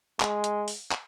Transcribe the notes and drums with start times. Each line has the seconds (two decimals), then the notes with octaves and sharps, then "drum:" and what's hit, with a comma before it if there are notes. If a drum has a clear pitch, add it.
0.20 G#3, drum: clap
0.44 drum: hi-hat
0.68 drum: open hi-hat
0.92 drum: clap